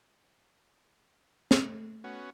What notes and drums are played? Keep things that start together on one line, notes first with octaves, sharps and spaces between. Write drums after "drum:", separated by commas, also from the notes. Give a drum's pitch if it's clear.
drum: snare
A3
B3 C#4 F#4